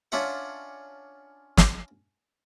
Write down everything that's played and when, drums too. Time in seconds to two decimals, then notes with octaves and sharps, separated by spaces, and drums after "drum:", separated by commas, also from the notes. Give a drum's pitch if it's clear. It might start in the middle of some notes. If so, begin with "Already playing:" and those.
0.12 C#4 D4 F4 E5 F#5
1.57 drum: snare